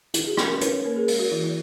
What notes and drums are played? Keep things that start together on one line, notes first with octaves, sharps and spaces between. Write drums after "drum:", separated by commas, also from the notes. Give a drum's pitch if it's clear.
D#3 E4, drum: hi-hat
G#4
F#4
C#4, drum: rim click
A#4
B4
C#4 C#5, drum: hi-hat
C#5
A#3 A#4
G#4
G#3 A#4, drum: open hi-hat
F#4
E3 E4
E4